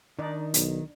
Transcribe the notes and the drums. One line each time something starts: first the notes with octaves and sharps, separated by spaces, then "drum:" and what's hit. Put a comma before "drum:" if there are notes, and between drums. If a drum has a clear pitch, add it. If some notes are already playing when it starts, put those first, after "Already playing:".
D#3 D4 D#4 D5
B1, drum: hi-hat